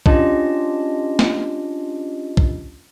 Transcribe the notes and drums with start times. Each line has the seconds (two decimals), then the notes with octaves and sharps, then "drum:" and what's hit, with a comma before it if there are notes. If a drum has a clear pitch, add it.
0.06 C#4 D4 F4 G4 D#5 A5, drum: kick
1.19 drum: snare
2.37 drum: kick